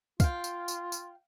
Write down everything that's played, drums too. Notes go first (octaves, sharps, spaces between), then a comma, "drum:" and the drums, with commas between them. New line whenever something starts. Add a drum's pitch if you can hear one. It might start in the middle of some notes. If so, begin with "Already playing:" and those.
F4 F5 G5, drum: kick, tambourine
drum: tambourine
drum: tambourine
drum: tambourine